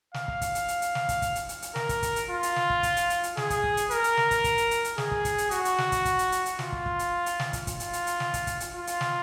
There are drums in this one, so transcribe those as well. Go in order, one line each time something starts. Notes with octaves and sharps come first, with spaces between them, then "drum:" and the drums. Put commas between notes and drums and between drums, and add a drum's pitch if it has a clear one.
F5, drum: snare
drum: kick
drum: kick, hi-hat
drum: hi-hat
drum: hi-hat
drum: hi-hat
drum: snare
drum: kick, hi-hat
drum: kick, hi-hat
drum: hi-hat
drum: hi-hat
drum: hi-hat
A#4, drum: snare
drum: kick, hi-hat
drum: kick, hi-hat
drum: hi-hat
F4
drum: hi-hat
drum: snare
drum: kick
drum: kick, hi-hat
drum: hi-hat
drum: hi-hat
drum: hi-hat
G#4, drum: snare
drum: kick, hi-hat
drum: kick
drum: hi-hat
A#4, drum: hi-hat
drum: hi-hat
drum: snare
drum: kick, hi-hat
drum: kick, hi-hat
drum: hi-hat
drum: hi-hat
drum: hi-hat
G#4, drum: snare
drum: kick
drum: kick, hi-hat
drum: hi-hat
F#4, drum: hi-hat
drum: hi-hat
drum: snare
drum: kick, hi-hat
drum: kick, hi-hat
drum: hi-hat
drum: hi-hat
drum: hi-hat
F4, drum: snare
drum: kick
drum: kick
drum: hi-hat
drum: hi-hat
drum: snare
drum: kick, hi-hat
F4, drum: kick, hi-hat
drum: hi-hat
drum: hi-hat
drum: hi-hat
drum: snare
drum: kick, hi-hat
drum: kick, hi-hat
drum: hi-hat
F4
drum: hi-hat
drum: snare